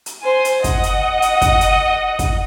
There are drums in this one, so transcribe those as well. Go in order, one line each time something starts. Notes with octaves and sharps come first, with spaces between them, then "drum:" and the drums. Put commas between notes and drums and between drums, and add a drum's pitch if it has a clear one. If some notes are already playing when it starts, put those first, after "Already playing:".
drum: hi-hat
C5 G#5
drum: hi-hat
D#5 F#5, drum: kick, hi-hat
drum: hi-hat
drum: hi-hat
drum: kick, hi-hat
drum: hi-hat
drum: kick, hi-hat